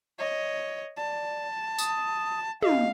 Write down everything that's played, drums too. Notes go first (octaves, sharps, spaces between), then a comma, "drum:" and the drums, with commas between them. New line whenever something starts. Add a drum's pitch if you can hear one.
C#5 D#5
D5 A5
D#6, drum: tambourine
D#5 F5, drum: tom